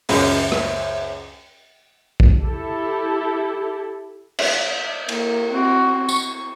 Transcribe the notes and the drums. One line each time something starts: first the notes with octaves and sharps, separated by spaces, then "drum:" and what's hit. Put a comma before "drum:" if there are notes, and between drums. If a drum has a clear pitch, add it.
C#2 F#2 C#3 C5 C#5 E5, drum: open hi-hat
drum: rim click
drum: kick A#1
E4 G4 A4
drum: cymbal
A#3, drum: cymbal
C4 F#4
C#6, drum: tambourine